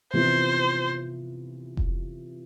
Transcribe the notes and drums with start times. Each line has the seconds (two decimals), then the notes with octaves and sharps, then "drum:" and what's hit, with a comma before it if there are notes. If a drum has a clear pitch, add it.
0.13 C3 E3 B3 F4 C5
1.77 drum: kick F1